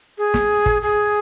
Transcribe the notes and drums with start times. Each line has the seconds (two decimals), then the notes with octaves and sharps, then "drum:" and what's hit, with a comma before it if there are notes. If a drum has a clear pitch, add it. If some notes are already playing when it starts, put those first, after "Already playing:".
0.18 G#4
0.34 drum: snare
0.66 drum: kick
0.82 G#4